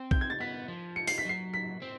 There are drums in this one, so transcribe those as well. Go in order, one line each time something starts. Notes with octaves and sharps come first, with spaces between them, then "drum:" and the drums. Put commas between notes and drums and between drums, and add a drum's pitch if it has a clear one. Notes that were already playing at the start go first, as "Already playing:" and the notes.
Already playing: C4
G6, drum: kick B1
G#6
A6
B3 B6
F3
C#7
C7, drum: open hi-hat
B6
F#3 C7
B6
C4